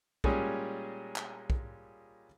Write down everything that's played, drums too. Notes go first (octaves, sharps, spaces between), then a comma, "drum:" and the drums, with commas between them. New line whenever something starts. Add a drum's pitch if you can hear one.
A#2 G3 G#3 C#4 G#4, drum: kick
drum: clap
drum: kick